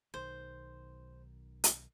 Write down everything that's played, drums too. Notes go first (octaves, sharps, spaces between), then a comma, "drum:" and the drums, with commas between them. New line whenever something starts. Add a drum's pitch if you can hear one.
B1 D#3 C5
drum: hi-hat